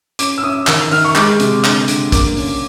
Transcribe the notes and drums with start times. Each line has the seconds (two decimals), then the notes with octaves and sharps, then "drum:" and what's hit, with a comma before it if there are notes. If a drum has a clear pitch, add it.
0.19 C#4 D6, drum: hi-hat
0.38 E6
0.43 C#4 D#6
0.67 D#3 E6, drum: clap
0.91 D#3 F6, drum: open hi-hat
1.05 C#6
1.15 G#3 D6, drum: clap
1.40 C3, drum: hi-hat
1.64 D3, drum: clap
1.88 D3, drum: hi-hat
2.12 A#3 D6, drum: kick, hi-hat
2.37 C#4, drum: open hi-hat